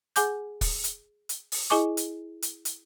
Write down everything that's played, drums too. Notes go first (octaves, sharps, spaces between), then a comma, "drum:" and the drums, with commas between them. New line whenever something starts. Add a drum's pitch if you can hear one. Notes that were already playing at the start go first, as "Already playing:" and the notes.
G#4 F#5 G#5 D6 G6, drum: hi-hat
drum: kick, open hi-hat
drum: hi-hat
drum: hi-hat
drum: open hi-hat
E4 G#4 D#5 G#5 C#6 D6
drum: hi-hat
drum: hi-hat
drum: hi-hat